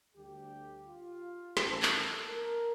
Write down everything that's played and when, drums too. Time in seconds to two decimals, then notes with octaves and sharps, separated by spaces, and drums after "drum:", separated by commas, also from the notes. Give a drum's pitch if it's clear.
0.16 D2 D3 G3 G4
0.87 F4
1.57 A2 E3 A#3 C#4 E4 A4, drum: snare
1.83 drum: clap
2.27 A#4